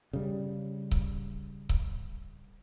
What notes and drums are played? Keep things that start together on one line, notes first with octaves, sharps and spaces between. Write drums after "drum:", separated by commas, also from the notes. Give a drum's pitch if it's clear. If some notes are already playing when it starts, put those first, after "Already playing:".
C#3 G3
drum: kick C#1
drum: kick C#1